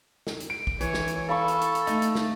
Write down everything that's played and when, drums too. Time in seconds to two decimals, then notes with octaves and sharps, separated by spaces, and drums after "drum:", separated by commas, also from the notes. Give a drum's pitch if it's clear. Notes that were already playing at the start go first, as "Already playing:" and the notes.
0.27 drum: snare
0.40 drum: hi-hat
0.50 D7
0.67 drum: kick
0.81 E3 C#5, drum: hi-hat
0.94 drum: snare
1.07 drum: hi-hat
1.29 A4 F5 B5 C#6
1.48 drum: hi-hat
1.61 drum: hi-hat
1.75 drum: hi-hat
1.87 A3 D#4, drum: hi-hat
2.02 drum: hi-hat
2.15 drum: snare